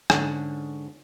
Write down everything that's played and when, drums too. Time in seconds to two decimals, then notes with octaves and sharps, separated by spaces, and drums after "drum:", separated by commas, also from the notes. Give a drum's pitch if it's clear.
0.10 G#2 D3 C#4, drum: rim click